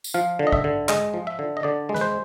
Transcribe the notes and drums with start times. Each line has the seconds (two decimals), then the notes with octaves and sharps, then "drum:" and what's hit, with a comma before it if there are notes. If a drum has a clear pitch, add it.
0.04 drum: tambourine
0.14 F3 F5
0.39 D3
0.47 D#5
0.52 E5, drum: kick A1
0.64 D3
0.89 G#3 D#5, drum: clap
1.14 F3
1.27 E5
1.39 D3
1.57 D#5
1.63 D3 D5
1.89 G#3
1.95 B4, drum: snare
2.01 C5